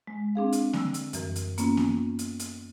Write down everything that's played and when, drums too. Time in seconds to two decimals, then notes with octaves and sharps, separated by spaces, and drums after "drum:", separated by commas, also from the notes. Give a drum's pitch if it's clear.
0.07 G#3
0.35 C4 D4 G#4 F5
0.53 drum: hi-hat
0.73 D3 G3 E6, drum: snare A#3
0.94 drum: hi-hat
1.13 F#2 E3 A#4, drum: hi-hat
1.36 drum: hi-hat
1.58 A#3 B3 C#4 F4, drum: hi-hat
1.77 drum: snare A#3
2.19 drum: hi-hat
2.40 drum: hi-hat